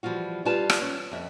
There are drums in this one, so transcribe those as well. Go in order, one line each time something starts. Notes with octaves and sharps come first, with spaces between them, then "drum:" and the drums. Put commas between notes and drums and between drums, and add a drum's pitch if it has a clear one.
E3 F3 G3 F4 F#4
G3 F4 B4 A5
drum: rim click
C#4
F2 E5